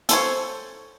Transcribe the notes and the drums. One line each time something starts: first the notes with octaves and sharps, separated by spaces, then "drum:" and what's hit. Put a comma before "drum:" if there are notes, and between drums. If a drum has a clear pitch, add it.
A4 C5 C#5, drum: hi-hat